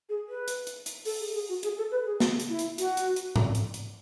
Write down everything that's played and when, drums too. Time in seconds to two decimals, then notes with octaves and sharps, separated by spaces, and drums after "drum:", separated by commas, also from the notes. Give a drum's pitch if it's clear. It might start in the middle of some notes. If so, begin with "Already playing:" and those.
0.09 G#4
0.29 B4
0.48 drum: hi-hat
0.67 drum: hi-hat
0.86 drum: hi-hat
1.05 A4, drum: open hi-hat
1.20 G#4
1.34 G#4
1.49 F#4
1.63 G#4, drum: hi-hat
1.78 A4
1.91 B4
2.06 G#4
2.20 drum: snare
2.40 drum: hi-hat
2.49 E4
2.59 drum: hi-hat
2.78 F#4, drum: hi-hat
2.97 drum: hi-hat
3.16 drum: hi-hat
3.36 drum: tom G#2
3.55 drum: hi-hat
3.74 drum: hi-hat